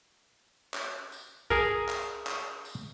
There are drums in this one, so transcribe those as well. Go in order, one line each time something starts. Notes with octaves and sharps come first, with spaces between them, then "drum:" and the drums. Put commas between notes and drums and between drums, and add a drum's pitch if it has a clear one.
drum: clap
drum: tambourine
G#4 A#4, drum: kick C2, tambourine
drum: clap
drum: clap
drum: tambourine